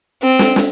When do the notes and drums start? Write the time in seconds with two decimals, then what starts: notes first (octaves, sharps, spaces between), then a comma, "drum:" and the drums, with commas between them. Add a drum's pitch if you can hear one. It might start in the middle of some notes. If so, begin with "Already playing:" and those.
0.22 C4
0.39 drum: snare
0.56 drum: snare